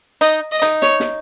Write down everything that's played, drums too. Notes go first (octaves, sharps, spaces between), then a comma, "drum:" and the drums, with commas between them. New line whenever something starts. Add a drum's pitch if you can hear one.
D#4 D#5
D#5
D#4, drum: hi-hat
C#5, drum: snare
drum: snare